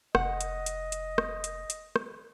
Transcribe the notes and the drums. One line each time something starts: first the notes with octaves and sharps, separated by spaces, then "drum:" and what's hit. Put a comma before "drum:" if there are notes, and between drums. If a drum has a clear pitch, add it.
F1 D#5 F#5, drum: rim click
drum: hi-hat
drum: hi-hat
drum: hi-hat
drum: rim click
drum: hi-hat
drum: hi-hat
drum: rim click